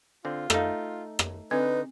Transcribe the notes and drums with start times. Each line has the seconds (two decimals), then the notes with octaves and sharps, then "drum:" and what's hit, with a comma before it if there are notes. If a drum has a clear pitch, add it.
0.25 D3 C4 F4
0.50 A3 D#4 A4 F5, drum: rim click
1.19 drum: rim click
1.51 D3 C4 D#4 B4